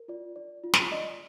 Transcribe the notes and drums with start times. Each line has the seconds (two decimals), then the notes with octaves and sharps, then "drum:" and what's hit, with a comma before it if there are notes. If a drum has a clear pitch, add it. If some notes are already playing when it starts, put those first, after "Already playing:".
Already playing: A#4
0.08 F4 D5
0.36 D5
0.64 F4
0.74 drum: snare
0.92 D5 D#5